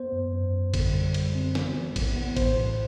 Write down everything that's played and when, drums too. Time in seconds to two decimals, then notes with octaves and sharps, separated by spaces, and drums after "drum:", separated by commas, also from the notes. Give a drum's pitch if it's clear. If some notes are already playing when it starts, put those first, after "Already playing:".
Already playing: B3 C5
0.12 F#2
0.33 F#2
0.53 F#2
0.74 D3, drum: kick G#1, cymbal
0.94 G3
1.14 G3, drum: cymbal
1.35 C4
1.55 B3, drum: snare
1.76 E3
1.96 E3, drum: kick G#1, cymbal
2.16 B3
2.37 A2 C5, drum: kick G#1, cymbal
2.57 A2